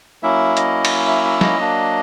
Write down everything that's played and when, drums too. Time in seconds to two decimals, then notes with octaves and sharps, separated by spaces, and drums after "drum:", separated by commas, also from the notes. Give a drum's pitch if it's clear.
0.23 F#3 A#3 C#4 E4 E5
0.57 D#5, drum: hi-hat
0.85 drum: cymbal
1.08 E5
1.25 E5
1.41 D#5, drum: snare
1.58 F#3 A#3 D4